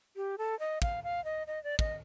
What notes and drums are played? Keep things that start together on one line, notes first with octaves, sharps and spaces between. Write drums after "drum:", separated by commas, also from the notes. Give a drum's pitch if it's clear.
G4
A4
D#5
F5, drum: kick
F5
D#5
D#5
D5
D#5, drum: kick